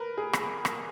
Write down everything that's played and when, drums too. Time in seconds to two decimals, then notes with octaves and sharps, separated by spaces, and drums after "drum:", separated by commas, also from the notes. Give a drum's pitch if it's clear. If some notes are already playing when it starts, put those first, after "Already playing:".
Already playing: A#4 B4
0.18 G#4
0.33 drum: rim click
0.65 drum: rim click